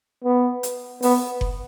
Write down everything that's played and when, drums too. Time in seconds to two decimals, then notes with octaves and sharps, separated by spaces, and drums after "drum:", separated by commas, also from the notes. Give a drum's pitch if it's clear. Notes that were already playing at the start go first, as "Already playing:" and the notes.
0.24 B3
0.63 drum: hi-hat
1.02 B3, drum: open hi-hat
1.41 drum: kick F#1